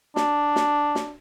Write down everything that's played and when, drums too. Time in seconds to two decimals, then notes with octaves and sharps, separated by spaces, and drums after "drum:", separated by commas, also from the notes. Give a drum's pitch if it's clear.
0.16 D4, drum: snare
0.56 drum: snare
0.95 drum: snare